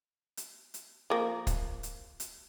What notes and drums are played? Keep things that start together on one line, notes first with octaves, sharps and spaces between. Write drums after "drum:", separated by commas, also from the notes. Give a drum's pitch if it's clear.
drum: hi-hat
drum: hi-hat
F3 A#3
drum: kick, hi-hat
drum: hi-hat
drum: hi-hat